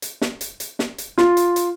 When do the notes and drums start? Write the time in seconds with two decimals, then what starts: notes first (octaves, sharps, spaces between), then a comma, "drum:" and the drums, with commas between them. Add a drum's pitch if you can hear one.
0.02 drum: hi-hat
0.21 drum: snare
0.41 drum: hi-hat
0.60 drum: hi-hat
0.79 drum: snare
0.98 drum: hi-hat
1.18 F4, drum: snare
1.37 drum: hi-hat
1.56 drum: hi-hat